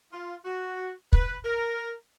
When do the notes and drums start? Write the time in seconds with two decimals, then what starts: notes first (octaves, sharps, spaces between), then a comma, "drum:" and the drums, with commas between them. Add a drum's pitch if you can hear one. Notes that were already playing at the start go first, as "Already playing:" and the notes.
0.12 F4
0.45 F#4
1.13 B4, drum: kick
1.45 A#4